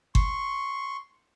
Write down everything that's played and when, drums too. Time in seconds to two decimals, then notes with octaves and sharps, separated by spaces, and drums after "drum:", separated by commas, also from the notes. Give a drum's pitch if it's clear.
0.15 C6 C#6, drum: kick G1